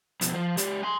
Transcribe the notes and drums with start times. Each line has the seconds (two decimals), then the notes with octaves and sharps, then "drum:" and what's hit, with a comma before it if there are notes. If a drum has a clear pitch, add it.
0.21 F2 B2, drum: hi-hat
0.35 F3
0.57 G#3 G4, drum: hi-hat
0.83 G#5 C6